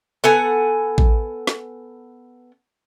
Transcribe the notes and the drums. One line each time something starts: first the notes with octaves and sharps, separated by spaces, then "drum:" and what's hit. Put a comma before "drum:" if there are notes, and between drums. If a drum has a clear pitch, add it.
B3 A4 F#5 G#5
drum: kick A1
drum: snare